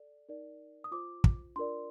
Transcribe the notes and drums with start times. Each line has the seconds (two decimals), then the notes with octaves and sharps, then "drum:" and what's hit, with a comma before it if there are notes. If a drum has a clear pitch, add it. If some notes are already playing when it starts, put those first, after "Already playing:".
Already playing: A4 D5
0.29 D#4 A#4 D5
0.84 D#6
0.91 F4 C5 D6
1.24 drum: kick
1.56 D4 F4 A#4 D5 C6